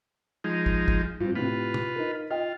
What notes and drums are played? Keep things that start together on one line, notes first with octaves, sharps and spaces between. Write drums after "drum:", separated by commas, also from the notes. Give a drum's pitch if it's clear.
F3 G#3 D#4
drum: kick
drum: kick
G2 C4 F4
A2 C3 F4 B4
drum: tom B2
D#4 A#4
F4 D#5 G5